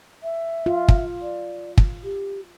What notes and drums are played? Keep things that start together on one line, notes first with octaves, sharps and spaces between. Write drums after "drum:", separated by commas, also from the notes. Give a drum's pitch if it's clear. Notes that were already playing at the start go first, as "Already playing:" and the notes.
E5
F4
drum: kick
D5
drum: kick
G4